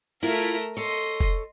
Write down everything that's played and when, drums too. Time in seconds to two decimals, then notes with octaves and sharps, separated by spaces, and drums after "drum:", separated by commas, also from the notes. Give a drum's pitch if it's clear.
0.23 A3 E4 F4 A#4
0.77 A4 C#5 D#5 C6
1.20 drum: kick F1